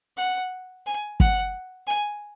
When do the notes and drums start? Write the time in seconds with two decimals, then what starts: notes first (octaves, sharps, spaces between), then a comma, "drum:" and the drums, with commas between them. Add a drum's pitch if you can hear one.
0.17 F#5
0.86 G#5
1.20 F#5, drum: kick
1.88 G#5